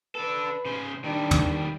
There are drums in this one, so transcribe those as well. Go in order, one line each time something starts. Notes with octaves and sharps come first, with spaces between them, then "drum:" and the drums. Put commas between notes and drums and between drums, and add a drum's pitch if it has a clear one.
D4 A4 B4
C#3 C5
D#3 G3 D4
drum: tom